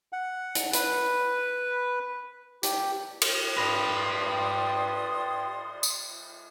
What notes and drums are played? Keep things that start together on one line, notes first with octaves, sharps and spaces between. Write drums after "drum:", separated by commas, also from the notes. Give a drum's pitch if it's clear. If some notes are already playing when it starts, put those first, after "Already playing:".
F#5
drum: hi-hat
B4, drum: hi-hat
G4, drum: hi-hat
drum: cymbal
G4 B4 D5 B5 C6 D#6 A#6 F7
drum: tambourine